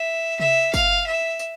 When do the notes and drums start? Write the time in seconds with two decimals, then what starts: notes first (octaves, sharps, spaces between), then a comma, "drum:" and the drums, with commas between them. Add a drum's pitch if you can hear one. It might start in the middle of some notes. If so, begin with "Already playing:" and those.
Already playing: E5
0.40 E5, drum: tom C3
0.74 F5, drum: kick, tambourine
1.06 E5
1.39 drum: tambourine